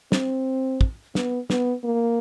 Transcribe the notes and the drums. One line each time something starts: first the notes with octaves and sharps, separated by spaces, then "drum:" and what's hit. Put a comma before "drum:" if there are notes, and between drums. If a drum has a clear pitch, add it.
C4, drum: snare
drum: kick
B3, drum: snare
B3, drum: snare
A#3